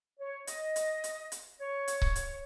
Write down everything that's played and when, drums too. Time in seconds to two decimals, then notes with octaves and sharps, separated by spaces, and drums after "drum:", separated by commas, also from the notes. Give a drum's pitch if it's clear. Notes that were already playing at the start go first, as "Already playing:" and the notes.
0.19 C#5
0.47 D#5, drum: hi-hat
0.76 drum: hi-hat
1.04 drum: hi-hat
1.32 drum: hi-hat
1.60 C#5
1.88 drum: hi-hat
2.02 drum: kick C#1
2.16 drum: hi-hat